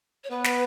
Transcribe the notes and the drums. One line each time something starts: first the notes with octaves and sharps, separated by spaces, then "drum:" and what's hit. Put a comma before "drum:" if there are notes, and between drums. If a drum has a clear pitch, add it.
C#5
B3 B4
drum: snare